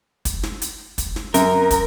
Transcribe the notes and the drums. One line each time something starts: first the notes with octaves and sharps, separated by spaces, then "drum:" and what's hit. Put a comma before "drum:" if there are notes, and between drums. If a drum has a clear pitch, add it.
drum: kick, hi-hat
drum: snare
drum: hi-hat
drum: kick, hi-hat
drum: snare
F#2 A#4, drum: hi-hat
drum: kick, hi-hat